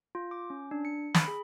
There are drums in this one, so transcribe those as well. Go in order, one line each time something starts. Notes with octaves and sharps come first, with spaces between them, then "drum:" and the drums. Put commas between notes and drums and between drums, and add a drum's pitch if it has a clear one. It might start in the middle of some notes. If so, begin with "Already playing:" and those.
F4
D6
C#4
D4
C#7
B5, drum: snare
G#4